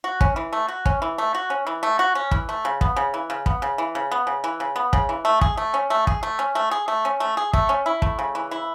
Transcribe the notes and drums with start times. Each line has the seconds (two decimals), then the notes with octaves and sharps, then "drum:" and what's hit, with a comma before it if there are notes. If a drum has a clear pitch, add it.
0.04 F#4
0.21 C#4, drum: kick
0.36 E3
0.53 A3
0.68 F#4
0.86 C#4, drum: kick
1.02 E3
1.18 A3
1.35 F#4
1.50 C#4
1.67 E3
1.83 A3
1.99 F#4
2.15 C#4
2.31 E3, drum: kick
2.49 A3
2.65 C#3
2.81 B3, drum: kick
2.97 C#3
3.14 E3
3.30 C#3
3.46 B3, drum: kick
3.62 C#3
3.78 E3
3.95 C#3
4.12 B3
4.27 C#3
4.44 E3
4.60 C#3
4.76 B3
4.93 C#3, drum: kick
5.09 E3
5.25 A3
5.41 G#4, drum: kick
5.57 A3
5.74 C#4
5.90 A3
6.07 G#4, drum: kick
6.23 A3
6.39 C#4
6.55 A3
6.71 G#4
6.88 A3
7.05 C#4
7.20 A3
7.37 G#4
7.53 A3, drum: kick
7.69 C#4
7.86 E4
8.02 A3, drum: kick
8.19 C#3
8.35 E3
8.51 E4